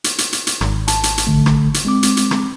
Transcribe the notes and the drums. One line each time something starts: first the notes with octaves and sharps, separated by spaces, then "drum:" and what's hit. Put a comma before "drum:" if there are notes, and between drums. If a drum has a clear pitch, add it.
drum: hi-hat
drum: hi-hat
drum: hi-hat
drum: hi-hat
G#1, drum: rim click
A5, drum: hi-hat
drum: hi-hat
drum: hi-hat
A#1 D3 A3
drum: rim click
drum: hi-hat
G#3 C4 D6
drum: hi-hat
drum: hi-hat
drum: rim click